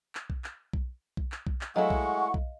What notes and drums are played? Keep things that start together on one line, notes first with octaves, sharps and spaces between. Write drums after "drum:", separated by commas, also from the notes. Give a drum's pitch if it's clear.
drum: clap
drum: kick B1
drum: clap
drum: kick B1
drum: kick B1
drum: clap
drum: kick B1
drum: clap
F#3 G#3 A3 E4 D#5 F5 F#5 C#6
drum: kick B1
drum: kick B1